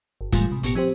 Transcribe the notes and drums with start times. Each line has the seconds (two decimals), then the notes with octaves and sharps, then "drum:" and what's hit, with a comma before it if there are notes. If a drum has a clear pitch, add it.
0.21 G1
0.32 A2 E3 G3 G#3 A#3 F4, drum: kick, hi-hat
0.52 C3
0.63 G#1 A#2 B3 G4 C#7, drum: hi-hat
0.75 F3 C4 G4 C5